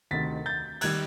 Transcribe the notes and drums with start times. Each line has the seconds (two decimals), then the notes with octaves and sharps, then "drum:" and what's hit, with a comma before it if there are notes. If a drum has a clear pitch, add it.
0.11 D2 C3 D#3 A6 B6
0.46 G6 A6
0.81 D#3 G3 F#6 G#6, drum: cymbal